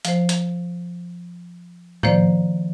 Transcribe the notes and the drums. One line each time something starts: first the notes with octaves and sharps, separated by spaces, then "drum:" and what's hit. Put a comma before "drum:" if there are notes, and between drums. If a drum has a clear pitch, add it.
F3 C5, drum: hi-hat
drum: hi-hat
D#3 F3 A#3 C5 D5, drum: tom A2